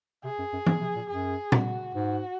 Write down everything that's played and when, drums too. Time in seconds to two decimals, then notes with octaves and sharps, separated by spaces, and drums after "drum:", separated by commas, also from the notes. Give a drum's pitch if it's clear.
0.24 C3 G#4
0.39 F#2
0.53 F#2
0.67 G#2, drum: tom E3
0.81 C3
0.96 A#2
1.10 F#2 G#4
1.52 F#4, drum: tom A#2
1.95 G#2 F#4